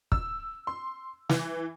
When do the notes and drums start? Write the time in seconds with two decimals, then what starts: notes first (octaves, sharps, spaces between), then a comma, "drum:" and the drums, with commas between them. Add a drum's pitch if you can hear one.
0.12 E6, drum: kick
0.67 C6
1.29 E3, drum: snare